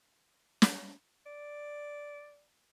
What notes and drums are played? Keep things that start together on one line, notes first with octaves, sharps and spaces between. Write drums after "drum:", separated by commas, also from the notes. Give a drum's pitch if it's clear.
drum: snare
D5